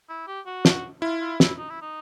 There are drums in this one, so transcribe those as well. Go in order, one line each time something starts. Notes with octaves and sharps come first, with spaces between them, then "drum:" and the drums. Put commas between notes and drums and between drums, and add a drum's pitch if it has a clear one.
E4
G4
F#4
drum: snare
E4 F4
F4
E4, drum: snare
D#4
E4
D#4